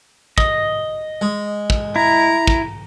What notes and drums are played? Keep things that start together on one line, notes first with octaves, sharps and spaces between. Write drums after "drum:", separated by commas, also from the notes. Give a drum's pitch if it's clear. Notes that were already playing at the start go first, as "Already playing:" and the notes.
D#5, drum: kick
G#3
drum: kick
E4 A#5
drum: kick